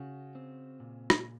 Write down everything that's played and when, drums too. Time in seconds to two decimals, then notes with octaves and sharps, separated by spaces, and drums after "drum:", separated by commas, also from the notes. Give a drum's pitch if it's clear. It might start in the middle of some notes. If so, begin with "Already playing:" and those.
Already playing: C#3 F#4
0.35 C4
0.80 A#2
1.10 drum: rim click